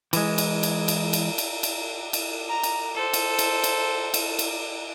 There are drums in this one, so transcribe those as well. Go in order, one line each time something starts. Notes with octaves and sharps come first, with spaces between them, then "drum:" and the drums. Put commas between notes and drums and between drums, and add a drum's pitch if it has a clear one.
E3 G#3, drum: cymbal
drum: cymbal
drum: cymbal
drum: cymbal
drum: cymbal
drum: cymbal
drum: cymbal
drum: cymbal
A#5
drum: cymbal
A4 C5
drum: cymbal
drum: cymbal
drum: cymbal
drum: cymbal
drum: cymbal